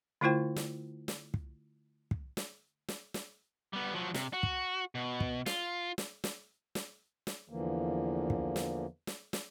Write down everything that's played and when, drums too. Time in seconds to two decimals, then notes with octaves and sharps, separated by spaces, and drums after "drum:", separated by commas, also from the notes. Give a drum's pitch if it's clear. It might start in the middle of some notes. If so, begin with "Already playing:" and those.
0.21 D3 A3 E4 F4 C5 G5
0.56 drum: snare
1.08 drum: snare
1.34 drum: kick
2.11 drum: kick
2.37 drum: snare
2.88 drum: snare
3.14 drum: snare
3.73 G3 B3
3.94 F3 F#3
4.14 C3, drum: snare
4.33 F#4
4.43 drum: kick
4.95 B2
5.21 drum: kick
5.46 F4, drum: snare
5.98 drum: snare
6.24 drum: snare
6.75 drum: snare
7.27 drum: snare
7.49 E2 D3 E3 F3 A#3
8.30 drum: kick
8.56 drum: snare
9.07 drum: snare
9.33 drum: snare